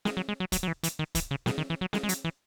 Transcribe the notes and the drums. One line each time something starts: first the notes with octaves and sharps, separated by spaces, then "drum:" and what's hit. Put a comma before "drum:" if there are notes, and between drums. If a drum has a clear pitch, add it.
G#3, drum: snare
F#3
G#3
F#3
F#3, drum: kick, hi-hat
F#3
E3
E3, drum: hi-hat
D#3
E3, drum: kick, hi-hat
C#3
B2, drum: snare
D#3
E3
F#3
G#3, drum: snare
G#3
F#3, drum: hi-hat
E3